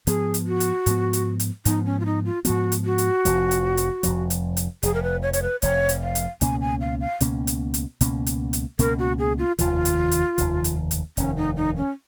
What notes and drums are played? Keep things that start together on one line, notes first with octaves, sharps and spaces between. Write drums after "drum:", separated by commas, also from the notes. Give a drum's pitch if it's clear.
G#2 F3 B3 G#4, drum: hi-hat
drum: hi-hat
F#4
drum: hi-hat
G#2 F3 B3, drum: hi-hat
drum: hi-hat
drum: hi-hat
G#2 F3 B3 D#4, drum: hi-hat
C#4
F4
D#4
F4
G#2 F3 B3 F#4, drum: hi-hat
drum: hi-hat
F#4
drum: hi-hat
F1 F2 F3, drum: hi-hat
drum: hi-hat
drum: hi-hat
F1 F2 F3, drum: hi-hat
drum: hi-hat
drum: hi-hat
F1 F2 F3 G#4, drum: hi-hat
A#4
B4
C#5
C#5, drum: hi-hat
B4
F1 F2 F3 C#5, drum: hi-hat
drum: hi-hat
F5
drum: hi-hat
C#2 B2 A#3 C#4 G#5, drum: hi-hat
G#5
F5
F5
C#2 B2 A#3 C#4, drum: hi-hat
drum: hi-hat
drum: hi-hat
C#2 B2 A#3 C#4, drum: hi-hat
drum: hi-hat
drum: hi-hat
C#2 B2 A#3 C#4 A#4, drum: hi-hat
F#4
G#4
F4
F1 D#2 D#3 F4, drum: hi-hat
drum: hi-hat
drum: hi-hat
F1 D#2 D#3, drum: hi-hat
drum: hi-hat
drum: hi-hat
F1 D#2 D#3 C#4, drum: hi-hat
D#4
D#4
C#4